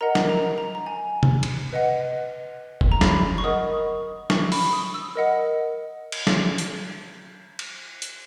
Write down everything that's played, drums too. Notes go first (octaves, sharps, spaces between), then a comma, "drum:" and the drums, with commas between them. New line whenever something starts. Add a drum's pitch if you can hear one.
A#4 D#5 F#5 A#5
drum: snare
A#5
A#5
A#5
G#5
drum: tom
drum: cymbal
B4 D#5 F#5
drum: kick F#1
A#5
B5, drum: snare
C#6
A#4 D#5 F#5 D#6
C#6, drum: snare
B5, drum: open hi-hat
D#6
E6
A#4 D#5 F#5
drum: cymbal
drum: snare
drum: hi-hat
drum: cymbal
drum: hi-hat